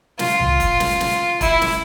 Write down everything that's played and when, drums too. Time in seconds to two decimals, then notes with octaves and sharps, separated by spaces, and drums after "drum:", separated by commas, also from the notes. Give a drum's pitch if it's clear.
0.19 F4, drum: snare
0.40 drum: tom C2
0.60 drum: kick, hi-hat
0.80 drum: snare
1.01 drum: snare
1.41 E4, drum: kick, hi-hat
1.62 drum: snare